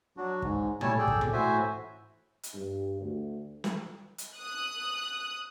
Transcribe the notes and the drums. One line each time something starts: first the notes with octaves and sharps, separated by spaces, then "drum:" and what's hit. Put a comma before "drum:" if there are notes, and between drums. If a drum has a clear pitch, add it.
F#3 D4 F#4
G#2, drum: kick
G3 A3 E4 C#5 G#5 A5, drum: tom
G#4 A4 D5 G5
drum: kick
drum: tom
A2 F#4 C5 E5 G#5
drum: hi-hat
G2
D2
drum: snare
drum: hi-hat
D#6 F#6